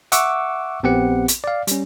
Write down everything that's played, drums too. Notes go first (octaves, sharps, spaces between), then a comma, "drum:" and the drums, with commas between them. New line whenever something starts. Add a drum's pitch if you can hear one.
E5 F#5 C#6 D6 E6, drum: hi-hat
A#1 B3 C4 G4 F#5 C#7
drum: hi-hat
D5 F5
G3 C#4, drum: hi-hat